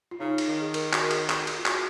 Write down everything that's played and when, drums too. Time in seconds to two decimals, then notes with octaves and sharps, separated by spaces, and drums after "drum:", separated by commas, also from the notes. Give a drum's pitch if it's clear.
0.11 F4
0.20 C#3 D#4
0.38 drum: cymbal
0.48 D#3
0.61 G#4
0.74 A#4, drum: cymbal
0.93 F#4, drum: clap
1.03 A#4
1.11 G#4, drum: cymbal
1.29 G#4, drum: clap
1.47 G#4, drum: cymbal
1.57 F4
1.66 F#4, drum: clap